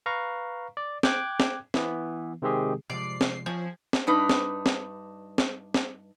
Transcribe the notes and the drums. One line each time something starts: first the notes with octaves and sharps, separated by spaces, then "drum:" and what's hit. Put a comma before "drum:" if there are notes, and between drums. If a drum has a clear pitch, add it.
B4 F5 A#5 C#6
D5
G5 D6 F#6 G#6, drum: snare
drum: snare
E3 B3, drum: snare
C3 D#3 G#3 C4 G4 G#4
C3 F3 G#3 D5 C7
drum: snare
F3 C4 F4 G#4 C#5
drum: snare
G2 D4 D#4 B4
drum: snare
drum: snare
drum: snare
drum: snare